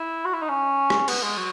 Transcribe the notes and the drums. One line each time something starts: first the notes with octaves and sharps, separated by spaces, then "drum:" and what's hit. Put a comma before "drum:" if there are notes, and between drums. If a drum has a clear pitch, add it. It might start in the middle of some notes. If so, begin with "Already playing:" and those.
Already playing: E4
F#4
E4
D#4
C#4
drum: rim click
B3, drum: cymbal
G#3
F#3